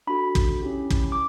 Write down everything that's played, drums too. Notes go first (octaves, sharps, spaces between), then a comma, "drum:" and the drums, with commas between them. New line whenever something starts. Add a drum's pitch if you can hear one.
D4 F#4 A4 B5
drum: kick
C#4 E4 G4
drum: kick
D6